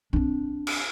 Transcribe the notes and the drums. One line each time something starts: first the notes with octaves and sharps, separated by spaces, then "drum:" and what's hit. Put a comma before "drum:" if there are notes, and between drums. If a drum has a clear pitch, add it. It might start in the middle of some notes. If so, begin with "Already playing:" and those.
C4 D4
drum: cymbal